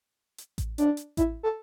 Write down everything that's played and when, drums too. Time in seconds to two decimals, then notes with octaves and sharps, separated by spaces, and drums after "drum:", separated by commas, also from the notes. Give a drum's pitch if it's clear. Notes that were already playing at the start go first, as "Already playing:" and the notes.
0.38 drum: hi-hat
0.58 drum: kick A1, hi-hat
0.78 D4, drum: hi-hat
0.97 drum: hi-hat
1.17 E4, drum: kick A1, hi-hat
1.43 A4